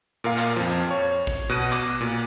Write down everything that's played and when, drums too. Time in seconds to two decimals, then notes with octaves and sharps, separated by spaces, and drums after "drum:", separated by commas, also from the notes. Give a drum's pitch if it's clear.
0.24 A#2 A#4 F5
0.38 drum: clap
0.56 F2 F3
0.91 C#5
1.27 drum: kick
1.49 B2 F#6 D#7
1.72 D6, drum: clap
2.01 A#2